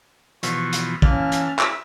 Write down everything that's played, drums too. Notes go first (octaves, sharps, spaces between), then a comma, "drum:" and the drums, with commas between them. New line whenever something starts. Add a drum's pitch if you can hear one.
B2 E3 F3 C#6, drum: hi-hat
drum: hi-hat
E3 A#3 C#4 A5 F6, drum: kick
drum: hi-hat
E4 E5, drum: clap